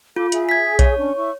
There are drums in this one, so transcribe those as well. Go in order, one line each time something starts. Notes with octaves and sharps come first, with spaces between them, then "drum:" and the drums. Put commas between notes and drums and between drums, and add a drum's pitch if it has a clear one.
F4 A4 F5 D6
G#4 E5 G#5, drum: hi-hat
G#6 B6
C#5, drum: kick B1, hi-hat
C#4 D4 C#6
E4 C#6